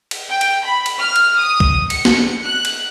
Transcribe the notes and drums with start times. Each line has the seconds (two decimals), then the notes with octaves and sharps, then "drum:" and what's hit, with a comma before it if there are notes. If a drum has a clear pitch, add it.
0.11 drum: cymbal
0.30 G5
0.41 drum: cymbal
0.64 B5
0.86 drum: cymbal
0.99 F6
1.16 drum: cymbal
1.38 D#6
1.60 drum: kick
1.90 C#7, drum: cymbal
2.05 drum: snare A#3
2.42 F#6
2.65 drum: cymbal